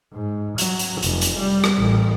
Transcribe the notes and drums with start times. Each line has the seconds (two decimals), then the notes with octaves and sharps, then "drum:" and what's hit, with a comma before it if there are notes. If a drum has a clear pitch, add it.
0.13 G#2
0.58 F#3, drum: hi-hat
0.79 drum: hi-hat
1.02 F1, drum: hi-hat
1.21 drum: hi-hat
1.39 G3
1.64 drum: rim click
1.78 A1